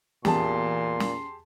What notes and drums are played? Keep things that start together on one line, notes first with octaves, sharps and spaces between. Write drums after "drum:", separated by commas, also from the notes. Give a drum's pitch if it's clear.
E2 A#2 G4 G#4 A5 C6, drum: snare
drum: snare